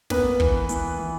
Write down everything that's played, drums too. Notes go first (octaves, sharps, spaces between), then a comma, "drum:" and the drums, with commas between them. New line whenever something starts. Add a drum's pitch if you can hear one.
A#3 B3 B4, drum: snare
E3, drum: kick
E3, drum: hi-hat
E3